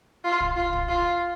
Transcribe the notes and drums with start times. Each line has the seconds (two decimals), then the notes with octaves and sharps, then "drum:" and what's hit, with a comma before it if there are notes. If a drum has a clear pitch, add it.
0.24 F4
0.40 drum: kick
0.56 F4
0.73 drum: kick
0.89 F4